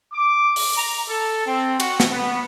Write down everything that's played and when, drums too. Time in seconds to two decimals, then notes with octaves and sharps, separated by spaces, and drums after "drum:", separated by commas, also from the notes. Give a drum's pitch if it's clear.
0.12 D6
0.56 drum: open hi-hat
0.76 A#5
1.09 A4
1.46 C4
1.80 F#4, drum: cymbal
2.00 drum: snare
2.12 B3